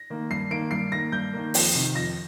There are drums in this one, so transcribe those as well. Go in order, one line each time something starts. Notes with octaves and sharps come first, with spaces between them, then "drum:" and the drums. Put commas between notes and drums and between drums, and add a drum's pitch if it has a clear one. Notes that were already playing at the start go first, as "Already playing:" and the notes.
Already playing: A#6
D#3 A#3
G2 C7
D#3 A#3 D7
G2 C7
D#3 A#3 A#6
G2 G6
D#3 A#3
F2, drum: open hi-hat
C3 D#3
F2 A#6